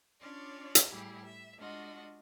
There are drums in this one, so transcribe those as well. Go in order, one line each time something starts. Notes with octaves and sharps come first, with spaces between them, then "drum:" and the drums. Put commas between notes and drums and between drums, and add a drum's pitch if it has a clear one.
C#4 D4 F4 C#5 D5
drum: hi-hat
A2 G3 E4 G4 G#4
E5
G#3 D4 F4 F#4 D#5